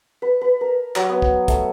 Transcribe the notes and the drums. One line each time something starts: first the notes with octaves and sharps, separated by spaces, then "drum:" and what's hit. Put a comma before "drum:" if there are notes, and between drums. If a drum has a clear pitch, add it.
B4
B4
A#4
F#3, drum: clap
B3
drum: kick
A3, drum: kick, hi-hat